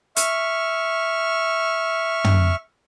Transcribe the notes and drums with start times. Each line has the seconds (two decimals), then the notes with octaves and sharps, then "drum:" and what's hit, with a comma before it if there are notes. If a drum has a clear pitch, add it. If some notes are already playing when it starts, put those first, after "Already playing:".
0.16 E5 C#6 F6, drum: hi-hat
2.24 drum: tom